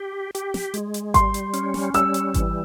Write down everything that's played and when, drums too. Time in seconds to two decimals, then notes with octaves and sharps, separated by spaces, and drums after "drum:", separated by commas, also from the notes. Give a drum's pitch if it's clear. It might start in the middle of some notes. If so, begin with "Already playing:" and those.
Already playing: G4
0.35 G4, drum: hi-hat
0.54 drum: snare
0.74 G#3, drum: hi-hat
0.94 drum: hi-hat
1.14 G3 C6, drum: kick G#1, hi-hat
1.34 drum: hi-hat
1.53 C#4, drum: hi-hat
1.74 drum: snare
1.94 G3 E6, drum: hi-hat
2.14 drum: hi-hat
2.34 E3, drum: kick G#1, hi-hat